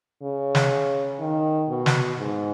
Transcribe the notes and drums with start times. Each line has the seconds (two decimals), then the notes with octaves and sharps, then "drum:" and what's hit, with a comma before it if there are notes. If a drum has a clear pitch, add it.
0.22 C#3
0.55 drum: snare
1.20 D#3
1.69 B2
1.86 drum: snare
2.19 G#2